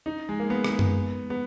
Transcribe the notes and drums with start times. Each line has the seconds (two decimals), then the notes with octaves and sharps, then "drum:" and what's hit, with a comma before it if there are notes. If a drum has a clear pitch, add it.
0.06 D#4
0.29 G#3
0.40 A#3
0.50 B3
0.64 drum: rim click
0.79 drum: tom F#2
1.30 B3